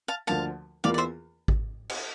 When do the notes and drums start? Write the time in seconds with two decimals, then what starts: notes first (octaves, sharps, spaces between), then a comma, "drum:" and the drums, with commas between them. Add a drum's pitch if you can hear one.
0.08 F5 A5
0.27 D2 D3 F3 A#3 F5 A5
0.84 E2 E3 A#3 F4 D5 F5
0.94 D5
0.98 C5 E5
1.48 drum: kick G#1
1.89 drum: cymbal